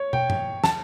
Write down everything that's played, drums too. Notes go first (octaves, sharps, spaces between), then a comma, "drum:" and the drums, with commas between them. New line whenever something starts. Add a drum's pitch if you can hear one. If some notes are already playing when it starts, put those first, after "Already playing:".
Already playing: C#5
G5, drum: tom
drum: tom G2
A5, drum: snare